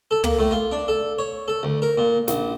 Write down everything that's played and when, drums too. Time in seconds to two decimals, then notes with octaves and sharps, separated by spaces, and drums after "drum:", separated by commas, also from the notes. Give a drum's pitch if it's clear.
0.11 A4
0.24 A#3, drum: tom
0.39 A2
0.51 F4
0.72 D4
0.88 A4
1.19 C#5
1.48 A4
1.63 D2
1.82 A#4
1.98 A#2
2.28 A#1, drum: snare